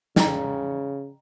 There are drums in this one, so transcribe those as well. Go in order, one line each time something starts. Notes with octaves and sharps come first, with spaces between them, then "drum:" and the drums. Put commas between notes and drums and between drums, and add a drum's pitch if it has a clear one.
C#3 G5 A#5, drum: snare